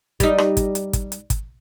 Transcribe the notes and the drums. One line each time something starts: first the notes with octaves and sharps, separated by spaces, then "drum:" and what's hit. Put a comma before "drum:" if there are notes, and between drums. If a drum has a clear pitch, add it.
G3 D#4, drum: kick, hi-hat
drum: rim click
drum: kick, hi-hat
drum: hi-hat
drum: kick, hi-hat
drum: hi-hat
drum: kick, hi-hat